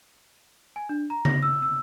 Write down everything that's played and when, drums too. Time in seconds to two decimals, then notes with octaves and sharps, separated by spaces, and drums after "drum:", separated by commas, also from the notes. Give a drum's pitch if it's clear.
0.76 G#5
0.89 D4
1.10 A#5
1.25 A#6, drum: tom C#3
1.43 E6
1.62 E6